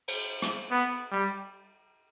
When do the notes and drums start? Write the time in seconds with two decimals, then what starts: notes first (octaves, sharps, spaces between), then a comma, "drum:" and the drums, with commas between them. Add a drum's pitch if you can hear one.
0.08 drum: cymbal
0.42 drum: rim click
0.71 B3
1.12 G3